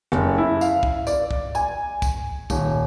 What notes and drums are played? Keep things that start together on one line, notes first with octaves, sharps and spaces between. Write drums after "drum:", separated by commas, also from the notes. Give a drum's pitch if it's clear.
F#1, drum: rim click
E4
F5, drum: tambourine
drum: kick
D5, drum: tambourine
drum: kick
G#5, drum: tambourine
drum: kick, tambourine
D#1, drum: kick, tambourine